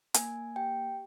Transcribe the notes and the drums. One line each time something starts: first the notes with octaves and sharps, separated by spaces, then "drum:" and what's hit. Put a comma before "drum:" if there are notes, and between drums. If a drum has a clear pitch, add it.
A#3 G#5, drum: hi-hat
G4 G5